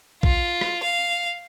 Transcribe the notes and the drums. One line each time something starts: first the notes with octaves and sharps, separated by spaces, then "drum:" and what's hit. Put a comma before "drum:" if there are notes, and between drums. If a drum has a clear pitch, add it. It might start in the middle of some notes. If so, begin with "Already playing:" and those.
F4, drum: kick
drum: rim click
F5